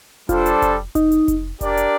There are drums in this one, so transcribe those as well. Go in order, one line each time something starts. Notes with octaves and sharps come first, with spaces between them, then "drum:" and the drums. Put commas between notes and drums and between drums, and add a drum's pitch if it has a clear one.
G3 D4 F4 A4 C5, drum: kick F1, hi-hat
drum: hi-hat
drum: kick F1, hi-hat
D#4, drum: kick F1, hi-hat
drum: hi-hat
drum: kick F1, hi-hat
D4 G4 A#4 D5, drum: kick F1, hi-hat
drum: hi-hat